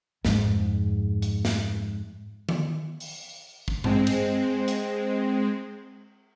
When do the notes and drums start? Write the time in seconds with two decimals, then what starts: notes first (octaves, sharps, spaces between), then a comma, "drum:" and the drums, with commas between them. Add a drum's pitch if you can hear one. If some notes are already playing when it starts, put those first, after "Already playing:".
0.25 F2 G#2, drum: snare
1.22 drum: hi-hat
1.45 drum: snare
2.49 drum: tom D#3
3.00 drum: open hi-hat
3.68 drum: kick
3.84 G#3 C4, drum: tom G2
4.07 drum: cymbal
4.68 drum: hi-hat